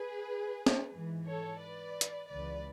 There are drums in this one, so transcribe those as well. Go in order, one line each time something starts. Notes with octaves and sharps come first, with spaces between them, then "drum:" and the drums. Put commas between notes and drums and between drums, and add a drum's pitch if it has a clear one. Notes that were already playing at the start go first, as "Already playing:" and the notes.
Already playing: G#4 B4
drum: snare
G#2 E3
A4 C#5
B4 D5
drum: hi-hat
C#2 C#3 E3 B4 D5